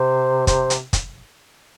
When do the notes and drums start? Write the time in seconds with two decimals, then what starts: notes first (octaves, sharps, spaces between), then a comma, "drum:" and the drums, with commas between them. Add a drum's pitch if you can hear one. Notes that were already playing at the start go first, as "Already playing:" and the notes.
Already playing: C3 C5
0.47 C5, drum: kick, hi-hat
0.70 drum: hi-hat
0.93 drum: kick, hi-hat